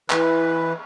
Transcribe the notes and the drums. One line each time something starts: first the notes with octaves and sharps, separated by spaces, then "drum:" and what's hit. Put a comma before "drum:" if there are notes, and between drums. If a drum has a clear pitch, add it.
E3 B4, drum: clap